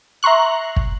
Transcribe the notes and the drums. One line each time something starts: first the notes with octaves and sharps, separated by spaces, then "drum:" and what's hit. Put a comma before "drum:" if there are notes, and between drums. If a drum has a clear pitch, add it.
E5 A#5 C6 C#6 F#6
drum: kick